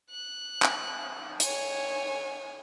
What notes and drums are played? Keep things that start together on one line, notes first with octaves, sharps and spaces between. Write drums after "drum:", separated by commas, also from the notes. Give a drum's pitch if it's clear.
F#6
drum: clap
C#5 G#5, drum: hi-hat